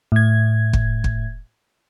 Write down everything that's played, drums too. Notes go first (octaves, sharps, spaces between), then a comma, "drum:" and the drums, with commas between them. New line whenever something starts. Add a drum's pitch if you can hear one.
A2 G#6
drum: kick
drum: kick